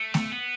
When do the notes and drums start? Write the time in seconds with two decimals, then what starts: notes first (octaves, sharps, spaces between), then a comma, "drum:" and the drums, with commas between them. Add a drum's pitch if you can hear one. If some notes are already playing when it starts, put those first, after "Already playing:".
Already playing: A3
0.14 drum: snare A3
0.32 B3